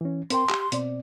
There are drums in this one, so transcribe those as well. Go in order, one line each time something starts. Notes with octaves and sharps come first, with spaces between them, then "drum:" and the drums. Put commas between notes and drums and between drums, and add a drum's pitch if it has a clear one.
E3 C#4
C4 A#4 G5 C6, drum: hi-hat
G4, drum: clap
B2 C4 D5, drum: hi-hat